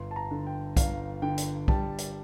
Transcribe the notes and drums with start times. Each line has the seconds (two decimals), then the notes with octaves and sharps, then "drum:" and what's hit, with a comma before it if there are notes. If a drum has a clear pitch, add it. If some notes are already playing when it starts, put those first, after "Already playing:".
Already playing: G1 C6
0.11 A5
0.16 A#5
0.31 D3
0.47 G5
0.77 G1 F5, drum: kick B1, hi-hat
1.22 D3 G5
1.38 drum: hi-hat
1.68 G3 A5, drum: kick B1
1.98 drum: hi-hat